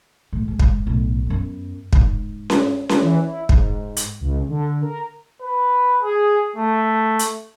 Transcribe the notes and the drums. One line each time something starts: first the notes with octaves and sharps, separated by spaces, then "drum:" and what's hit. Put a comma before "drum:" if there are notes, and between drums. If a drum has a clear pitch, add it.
A2
G#2
drum: kick
B1 A2
F#2 B3
G#2, drum: kick
drum: snare C#4
drum: snare C#4
E3
E4
G#2, drum: kick
drum: hi-hat
C#2
D3
A#4
B4
G#4
A3
drum: hi-hat